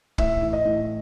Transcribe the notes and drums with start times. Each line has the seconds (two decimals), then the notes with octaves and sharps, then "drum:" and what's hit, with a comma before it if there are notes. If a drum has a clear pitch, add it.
0.18 A2 E5, drum: kick
0.42 E3
0.53 D#5
0.65 A2